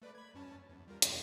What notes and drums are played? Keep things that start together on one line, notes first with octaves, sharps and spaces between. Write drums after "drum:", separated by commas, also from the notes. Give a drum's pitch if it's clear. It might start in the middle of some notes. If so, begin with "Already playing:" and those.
A3 B4 D5
B5 G#6
F#2 C#4 A5
E2
G3 F4 A#4
F2 B2 F#3, drum: hi-hat